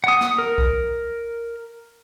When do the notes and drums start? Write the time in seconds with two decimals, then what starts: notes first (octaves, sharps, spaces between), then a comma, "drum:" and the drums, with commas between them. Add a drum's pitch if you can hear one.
0.04 F#5 D#6
0.21 drum: snare
0.38 A#4
0.58 drum: kick B1